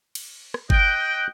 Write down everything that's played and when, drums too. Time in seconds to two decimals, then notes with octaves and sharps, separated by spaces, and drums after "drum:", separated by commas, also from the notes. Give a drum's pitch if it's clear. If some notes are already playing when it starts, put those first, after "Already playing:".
0.15 drum: cymbal
0.54 drum: rim click
0.70 D#5 G5 F#6 G6, drum: kick G1